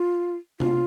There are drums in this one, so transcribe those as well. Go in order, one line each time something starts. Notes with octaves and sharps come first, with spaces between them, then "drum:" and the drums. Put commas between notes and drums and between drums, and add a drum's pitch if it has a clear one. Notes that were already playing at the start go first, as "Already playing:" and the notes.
Already playing: F4
F4, drum: tom